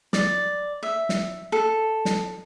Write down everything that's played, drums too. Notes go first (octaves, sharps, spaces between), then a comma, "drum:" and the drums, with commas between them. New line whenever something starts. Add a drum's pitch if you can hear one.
D5, drum: snare
E5
drum: snare
A4
drum: snare